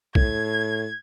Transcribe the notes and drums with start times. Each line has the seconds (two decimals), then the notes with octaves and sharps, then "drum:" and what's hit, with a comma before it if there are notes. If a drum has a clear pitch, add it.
0.15 A2 G#6, drum: kick B1